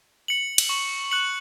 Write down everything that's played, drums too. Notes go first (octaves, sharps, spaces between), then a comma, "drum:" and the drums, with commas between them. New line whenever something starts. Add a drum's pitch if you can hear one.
C#7 F#7
drum: cymbal
C#6
F#6 C#7 F#7